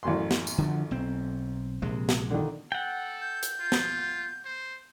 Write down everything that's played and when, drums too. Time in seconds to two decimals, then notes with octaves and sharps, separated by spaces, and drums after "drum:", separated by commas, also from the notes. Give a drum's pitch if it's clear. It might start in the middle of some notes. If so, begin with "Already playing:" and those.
0.03 A1 F#2 C6
0.31 drum: snare
0.47 drum: tambourine
0.58 D3 E3 F3
0.91 B1 C4
1.82 A#1 C3 G#3
2.09 drum: snare
2.31 D3 D#3
2.72 A4 F#5 G5
3.21 G6
3.43 drum: hi-hat
3.60 F4
3.72 drum: snare
4.45 C5